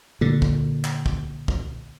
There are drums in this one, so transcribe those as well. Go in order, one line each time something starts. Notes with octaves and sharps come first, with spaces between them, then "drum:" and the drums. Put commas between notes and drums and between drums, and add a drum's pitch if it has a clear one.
A#2 D3
drum: kick
drum: clap
drum: kick
drum: kick